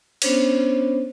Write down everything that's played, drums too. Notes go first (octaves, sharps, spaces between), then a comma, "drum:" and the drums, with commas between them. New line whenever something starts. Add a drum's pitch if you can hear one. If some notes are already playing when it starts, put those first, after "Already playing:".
B3 C#4 D4 C5 C#5, drum: cymbal